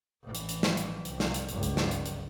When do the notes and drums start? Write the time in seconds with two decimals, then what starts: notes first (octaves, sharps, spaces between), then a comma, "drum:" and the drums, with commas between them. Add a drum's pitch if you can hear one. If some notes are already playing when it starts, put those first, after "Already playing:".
0.23 A1 E3
0.35 drum: hi-hat
0.49 drum: hi-hat
0.63 drum: snare
0.77 drum: hi-hat
1.05 C2, drum: hi-hat
1.20 drum: snare
1.34 drum: hi-hat
1.49 G1 C#2, drum: hi-hat
1.63 drum: hi-hat
1.77 drum: snare
1.91 drum: hi-hat
2.06 drum: hi-hat